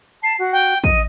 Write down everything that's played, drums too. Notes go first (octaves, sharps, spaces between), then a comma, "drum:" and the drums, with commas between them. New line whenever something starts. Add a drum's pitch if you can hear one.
A5 C7
F#4
G5
D#5 D#7, drum: kick